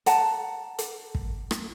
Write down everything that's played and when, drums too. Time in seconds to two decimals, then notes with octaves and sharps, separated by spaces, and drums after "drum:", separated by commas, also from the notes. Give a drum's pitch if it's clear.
0.06 F#5 A5 A#5, drum: hi-hat
0.78 drum: hi-hat
1.15 drum: kick
1.51 drum: rim click